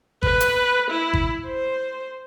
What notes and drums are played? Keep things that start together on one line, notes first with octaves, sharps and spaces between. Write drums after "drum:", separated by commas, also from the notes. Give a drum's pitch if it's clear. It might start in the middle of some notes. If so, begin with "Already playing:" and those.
B4, drum: kick G#1
drum: hi-hat
E4
drum: kick G#1
C5